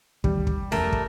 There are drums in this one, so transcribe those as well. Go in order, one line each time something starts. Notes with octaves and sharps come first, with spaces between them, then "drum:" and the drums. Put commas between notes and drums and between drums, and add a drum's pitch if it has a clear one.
D2 D#3 E3 G3, drum: kick
drum: kick
F1 E2 A3 A#4, drum: snare C#4
drum: kick